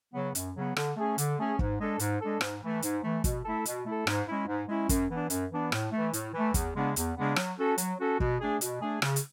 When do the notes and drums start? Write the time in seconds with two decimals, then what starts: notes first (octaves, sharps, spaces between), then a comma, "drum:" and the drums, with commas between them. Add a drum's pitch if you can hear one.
0.14 C#3 F#3 B3
0.35 F#2, drum: hi-hat
0.55 C#3 F#3 B3
0.76 D3, drum: rim click
0.97 A3 C#4 G#4
1.18 D3, drum: hi-hat
1.38 A3 C#4 G#4
1.59 G#2, drum: kick
1.79 G#3 D4 A4
1.99 G#2, drum: hi-hat
2.21 G#3 D4 A4
2.41 G#2, drum: rim click
2.62 E3 A3
2.82 G#2, drum: hi-hat
3.03 E3 A3
3.24 B2, drum: kick, hi-hat
3.45 A3 E4 A4
3.65 B2, drum: hi-hat
3.85 A3 E4 A4
4.07 G#2, drum: rim click
4.28 G#3 C#4 E4
4.47 G#2
4.68 G#3 C#4 E4
4.89 F#2, drum: kick, hi-hat
5.10 E3 B3 D4
5.30 F#2, drum: hi-hat
5.51 E3 B3 D4
5.72 A2, drum: rim click
5.92 E3 A3
6.13 A2, drum: hi-hat
6.33 E3 A3
6.54 E2, drum: kick, hi-hat
6.75 C#3 G#3 B3 D4
6.96 E2, drum: hi-hat
7.17 C#3 G#3 B3 D4
7.36 F#3, drum: rim click
7.58 C#4 F#4 A4
7.78 F#3, drum: hi-hat
7.99 C#4 F#4 A4
8.20 B2, drum: kick
8.40 A3 D4 G#4
8.61 B2, drum: hi-hat
8.81 A3 D4 G#4
9.02 C#3, drum: rim click
9.16 drum: hi-hat